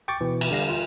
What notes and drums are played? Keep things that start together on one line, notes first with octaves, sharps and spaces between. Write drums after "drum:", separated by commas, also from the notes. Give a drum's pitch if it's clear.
G5 C#6 D6 A6
B2 E3
drum: cymbal
D3 G3 F5 A#6
F4